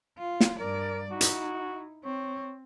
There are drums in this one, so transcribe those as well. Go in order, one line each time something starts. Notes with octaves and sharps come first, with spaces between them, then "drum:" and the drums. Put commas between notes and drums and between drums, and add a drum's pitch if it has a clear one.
F4
drum: snare
G2 A#4 D5
D#4 E4 F#4
drum: hi-hat
C4 C#5